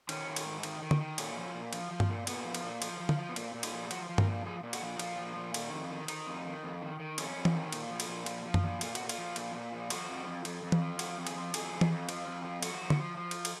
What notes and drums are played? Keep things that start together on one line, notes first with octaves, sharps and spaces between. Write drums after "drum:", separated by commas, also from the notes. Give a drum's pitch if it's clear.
D#3 C#4, drum: cymbal
D#3
drum: cymbal
G#2
D#3, drum: cymbal
D#3
drum: tom
D#3
A#2 C#4, drum: cymbal
F3
A#2
F3, drum: cymbal
F3
drum: tom G2
A#2
A#2 B3, drum: cymbal
F3
drum: cymbal
A#2
F3, drum: cymbal
F3
drum: tom
F3
B3
A#2 A#3, drum: cymbal
A#2
D#4, drum: cymbal
F3
G#4
F3 F#4, drum: cymbal
F3
A#4, drum: tom G2
A#2
F3 G#4
A#2
F#4, drum: cymbal
F3
F#4
A#2 F4, drum: cymbal
F3
A#2
D#3, drum: cymbal
F2
D#3
D#3 D#4, drum: cymbal
F2
D#3
F2
D#3
D#3
F2 C#4, drum: cymbal
F2
drum: tom E3
D#3
A#2, drum: cymbal
F3
drum: cymbal
A#2
F3, drum: cymbal
F3
drum: tom F#2
A#2
A#2 F4, drum: cymbal
A#2 F#4, drum: cymbal
F4, drum: cymbal
F3
A#2, drum: cymbal
A#2
F3
F3 F#4, drum: cymbal
F2
F2
F2, drum: cymbal
F2
drum: tom E3
F3
F2 F#4, drum: cymbal
F2
G#4, drum: cymbal
F3
F2 G#4, drum: cymbal
F2
drum: tom E3
F2
F3, drum: cymbal
F2
F3
F3 F#4, drum: cymbal
F3
drum: tom
F3
F3
drum: cymbal
drum: cymbal